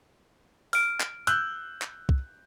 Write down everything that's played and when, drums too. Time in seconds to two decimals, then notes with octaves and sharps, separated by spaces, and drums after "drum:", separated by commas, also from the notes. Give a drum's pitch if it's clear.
0.73 F6 D7, drum: open hi-hat
1.00 drum: clap
1.27 E6 F#6 G6, drum: hi-hat
1.82 drum: clap
2.09 drum: kick C2